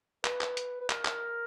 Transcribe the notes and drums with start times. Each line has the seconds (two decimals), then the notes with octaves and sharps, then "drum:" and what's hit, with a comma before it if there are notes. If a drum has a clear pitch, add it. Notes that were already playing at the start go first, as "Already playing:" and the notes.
0.25 B4, drum: clap
0.41 drum: clap
0.57 drum: hi-hat
0.81 B4
0.90 A#4, drum: clap
1.05 drum: clap